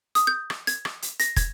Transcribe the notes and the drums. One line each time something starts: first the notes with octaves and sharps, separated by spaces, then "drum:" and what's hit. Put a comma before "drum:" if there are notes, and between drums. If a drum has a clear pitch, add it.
D#6, drum: hi-hat
G6
drum: rim click
G#6, drum: hi-hat
drum: rim click
drum: hi-hat
A#6, drum: hi-hat
G#6, drum: kick, hi-hat